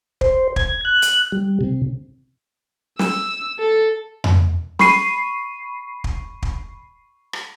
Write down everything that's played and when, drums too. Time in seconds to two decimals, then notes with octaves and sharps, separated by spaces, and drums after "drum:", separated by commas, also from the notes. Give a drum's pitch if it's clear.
0.21 C5, drum: kick
0.56 G#6, drum: kick
0.85 F#6
1.02 drum: hi-hat
1.32 G3
1.61 C3
2.99 E6, drum: snare
3.59 A4
4.24 drum: tom F2
4.79 B5 C#6 C7 D#7, drum: snare
6.04 drum: kick
6.42 drum: kick
7.33 drum: rim click